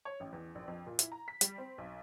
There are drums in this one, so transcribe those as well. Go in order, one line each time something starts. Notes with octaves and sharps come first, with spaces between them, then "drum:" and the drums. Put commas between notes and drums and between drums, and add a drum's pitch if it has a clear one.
C#5
A1
E2
A#1
F2
A#2
E4, drum: hi-hat
A#5
B6
G3, drum: hi-hat
C4
B1